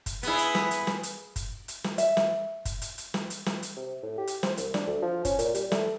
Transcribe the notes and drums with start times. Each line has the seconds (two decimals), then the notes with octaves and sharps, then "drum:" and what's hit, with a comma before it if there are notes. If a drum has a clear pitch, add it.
0.06 drum: kick, hi-hat
0.23 B3 E4 G#4 B4, drum: hi-hat
0.38 drum: hi-hat
0.55 drum: snare
0.71 drum: hi-hat
0.87 drum: snare
1.03 drum: hi-hat
1.36 drum: kick, hi-hat
1.68 drum: hi-hat
1.84 drum: snare
1.98 E5, drum: hi-hat
2.17 drum: snare
2.65 drum: kick, hi-hat
2.82 drum: hi-hat
2.98 drum: hi-hat
3.14 drum: snare
3.30 drum: hi-hat
3.46 drum: snare
3.63 drum: hi-hat
3.77 C3
4.03 A2
4.18 G4
4.27 drum: hi-hat
4.43 C5, drum: snare
4.57 C2, drum: hi-hat
4.74 D4, drum: snare
4.88 D2
5.02 F3
5.25 C#4, drum: kick, hi-hat
5.39 A#2, drum: hi-hat
5.55 G3, drum: hi-hat
5.72 A3, drum: snare